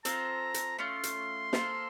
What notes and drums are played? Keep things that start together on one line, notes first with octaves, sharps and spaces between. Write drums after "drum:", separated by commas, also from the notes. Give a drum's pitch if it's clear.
C4 F4 A4 C5 A#5, drum: hi-hat
drum: hi-hat
A3 C#4 F4 C6
drum: hi-hat
A#3 F4 A4 C5, drum: snare